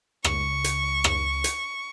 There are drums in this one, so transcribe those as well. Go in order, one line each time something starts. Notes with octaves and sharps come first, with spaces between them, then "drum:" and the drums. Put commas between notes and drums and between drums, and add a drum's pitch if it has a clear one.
C#2 C#6, drum: rim click
drum: hi-hat
drum: rim click
drum: hi-hat